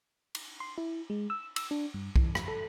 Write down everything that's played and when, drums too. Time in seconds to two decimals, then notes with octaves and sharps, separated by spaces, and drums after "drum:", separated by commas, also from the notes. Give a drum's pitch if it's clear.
0.35 drum: cymbal
0.60 C6
0.78 E4
1.10 G#3
1.30 E6
1.56 E6, drum: cymbal
1.71 D4
1.94 G2
2.16 E3, drum: kick
2.35 F2, drum: rim click
2.48 A4